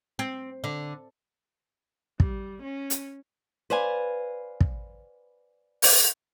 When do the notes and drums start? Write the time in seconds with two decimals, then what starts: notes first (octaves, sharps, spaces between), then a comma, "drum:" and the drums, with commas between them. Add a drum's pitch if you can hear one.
0.19 C4
0.64 D3
2.20 G3, drum: kick
2.62 C#4
2.90 drum: hi-hat
3.70 B4 C5 D5 F5 G#5
4.61 drum: kick
5.82 drum: open hi-hat